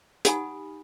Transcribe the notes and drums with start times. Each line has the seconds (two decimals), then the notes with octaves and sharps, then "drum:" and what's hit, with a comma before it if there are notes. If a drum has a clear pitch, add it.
0.25 D#4 G4 F#5 G#5 B5 D#6, drum: hi-hat